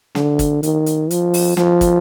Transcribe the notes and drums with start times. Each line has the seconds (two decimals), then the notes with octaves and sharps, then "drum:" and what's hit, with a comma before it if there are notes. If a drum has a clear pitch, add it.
0.15 D3, drum: snare
0.39 drum: kick, hi-hat
0.63 D#3, drum: hi-hat
0.86 drum: hi-hat
1.11 F3, drum: hi-hat
1.34 drum: open hi-hat
1.57 F3, drum: snare
1.81 drum: kick, hi-hat